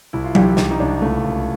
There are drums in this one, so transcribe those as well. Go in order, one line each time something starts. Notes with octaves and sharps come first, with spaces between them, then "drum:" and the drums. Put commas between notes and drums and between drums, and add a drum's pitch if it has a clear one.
C2 E4
F4
C2 G4, drum: tom F#3
C2 G4, drum: snare
D#4
C2 D4
C#2 A3
C#2